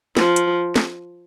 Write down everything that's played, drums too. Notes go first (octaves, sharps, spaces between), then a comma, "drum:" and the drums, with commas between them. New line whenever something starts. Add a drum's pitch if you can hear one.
F3, drum: snare
drum: hi-hat
drum: snare